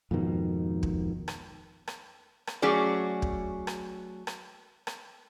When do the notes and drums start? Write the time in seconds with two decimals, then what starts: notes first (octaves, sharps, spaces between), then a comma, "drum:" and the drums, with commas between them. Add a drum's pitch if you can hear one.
0.11 F2 G#2 B2 D#3
0.83 drum: kick
1.28 drum: rim click
1.88 drum: rim click
2.47 drum: rim click
2.62 F#3 A3 C#4 G#4 D5
3.22 drum: kick
3.67 drum: rim click
4.27 drum: rim click
4.87 drum: rim click